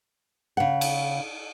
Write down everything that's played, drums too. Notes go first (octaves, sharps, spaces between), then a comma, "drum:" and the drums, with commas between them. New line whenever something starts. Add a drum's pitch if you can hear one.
C#3 F#5
drum: cymbal